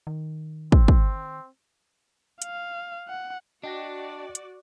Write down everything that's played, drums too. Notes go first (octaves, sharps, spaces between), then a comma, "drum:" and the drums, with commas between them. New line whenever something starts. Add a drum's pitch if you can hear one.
D#3
C4, drum: kick
drum: kick
F5, drum: hi-hat
F#5
D4 F#4 D5 D#5 G5 A#6
drum: hi-hat